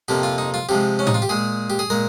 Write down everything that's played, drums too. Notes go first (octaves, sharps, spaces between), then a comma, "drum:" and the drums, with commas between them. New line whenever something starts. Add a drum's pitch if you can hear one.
F2 C3 F3 A#3 G4
F4
D#4
F4
C3 F3 G#3 G4
C#4
D#4, drum: tom A2
F4
G4
A#2 G#3 G#4
G4
G#4
A#2 G#3 A#4